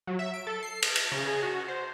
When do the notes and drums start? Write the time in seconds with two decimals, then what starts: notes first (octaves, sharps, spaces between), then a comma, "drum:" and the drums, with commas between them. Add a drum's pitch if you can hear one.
0.07 F#3
0.19 E5
0.34 D7
0.47 A4
0.63 C7
0.83 D7, drum: cymbal
0.96 drum: cymbal
1.12 C#3
1.27 G#4
1.43 F#4
1.68 C5